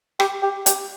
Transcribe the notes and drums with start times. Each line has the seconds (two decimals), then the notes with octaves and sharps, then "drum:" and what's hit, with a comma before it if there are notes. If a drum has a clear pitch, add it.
0.20 G4, drum: rim click
0.43 G4
0.66 G4, drum: hi-hat